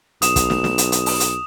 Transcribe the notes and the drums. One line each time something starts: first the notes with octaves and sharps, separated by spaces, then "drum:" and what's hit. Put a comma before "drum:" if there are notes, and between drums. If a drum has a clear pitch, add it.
B1 D#6 E7, drum: hi-hat
drum: kick, hi-hat
drum: snare
drum: snare
drum: hi-hat
drum: hi-hat
drum: open hi-hat
drum: hi-hat